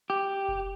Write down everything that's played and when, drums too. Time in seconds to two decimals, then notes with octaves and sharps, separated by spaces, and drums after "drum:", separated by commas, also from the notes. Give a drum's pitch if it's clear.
0.10 G4
0.48 drum: kick F1